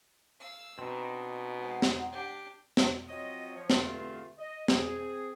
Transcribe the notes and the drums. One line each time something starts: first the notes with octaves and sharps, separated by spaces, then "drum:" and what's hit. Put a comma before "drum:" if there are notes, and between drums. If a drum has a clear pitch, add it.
F5 E6
B2 C4 D4 D#4
G#3 C5 F#5
drum: snare
D4 G4
drum: snare
F3 F#3 C4 F4 C#5 D#5
F3 C#5
E2 G2 D3 A3 C4 F4, drum: snare
D#5
C4 G#4, drum: snare